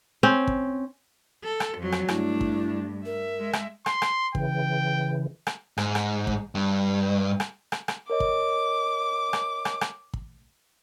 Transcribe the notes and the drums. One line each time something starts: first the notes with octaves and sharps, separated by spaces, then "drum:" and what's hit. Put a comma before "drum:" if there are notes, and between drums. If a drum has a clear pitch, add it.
C4 C#4
drum: kick
A4
drum: rim click
F2 F#3
drum: rim click
G2 A3 D4 E4, drum: rim click
drum: kick
A#4 E5
G#3
drum: rim click
C6, drum: rim click
drum: rim click
C#3 E3 G5, drum: kick
drum: rim click
G#2, drum: rim click
drum: rim click
drum: kick
G2
drum: rim click
drum: rim click
drum: rim click
A#4 C#5 D#5 D6
drum: kick
drum: rim click
drum: rim click
drum: rim click
drum: kick